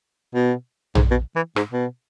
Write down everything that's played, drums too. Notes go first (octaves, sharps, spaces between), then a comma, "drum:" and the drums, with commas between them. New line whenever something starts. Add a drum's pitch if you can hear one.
B2
G#2, drum: tom A#1
B2
E3
G#2, drum: rim click
B2